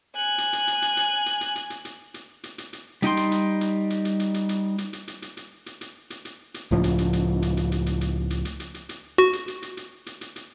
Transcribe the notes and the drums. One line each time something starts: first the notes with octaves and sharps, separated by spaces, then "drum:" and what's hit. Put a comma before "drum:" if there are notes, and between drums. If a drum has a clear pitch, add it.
G#5 F#6
drum: hi-hat
drum: hi-hat
drum: hi-hat
drum: hi-hat
drum: hi-hat
drum: hi-hat
drum: hi-hat
drum: hi-hat
drum: hi-hat
drum: hi-hat
drum: hi-hat
drum: hi-hat
drum: hi-hat
drum: hi-hat
G3 D#4 G5 C6, drum: hi-hat
drum: hi-hat
drum: hi-hat
drum: hi-hat
drum: hi-hat
drum: hi-hat
drum: hi-hat
drum: hi-hat
drum: hi-hat
drum: hi-hat
drum: hi-hat
drum: hi-hat
drum: hi-hat
drum: hi-hat
drum: hi-hat
drum: hi-hat
drum: hi-hat
drum: hi-hat
drum: hi-hat
C#2 A2 F3
drum: hi-hat
drum: hi-hat
drum: hi-hat
drum: hi-hat
drum: hi-hat
drum: hi-hat
drum: hi-hat
drum: hi-hat
drum: hi-hat
drum: hi-hat
drum: hi-hat
drum: hi-hat
drum: hi-hat
F#4
drum: hi-hat
drum: hi-hat
drum: hi-hat
drum: hi-hat
drum: hi-hat
drum: hi-hat
drum: hi-hat